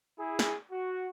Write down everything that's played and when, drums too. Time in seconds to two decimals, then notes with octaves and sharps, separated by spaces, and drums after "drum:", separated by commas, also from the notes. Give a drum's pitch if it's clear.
0.19 E4 G#4
0.39 drum: snare
0.72 F#4